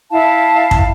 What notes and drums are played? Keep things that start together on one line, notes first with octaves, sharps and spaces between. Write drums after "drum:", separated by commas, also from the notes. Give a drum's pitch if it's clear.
E4 F5 A5
drum: kick